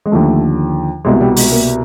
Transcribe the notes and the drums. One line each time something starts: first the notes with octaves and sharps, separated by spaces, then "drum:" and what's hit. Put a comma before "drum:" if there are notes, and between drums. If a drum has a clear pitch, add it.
G#3
D#2 D3 F3 A3
C2 B2 G#3
G3
G#3, drum: open hi-hat
A#3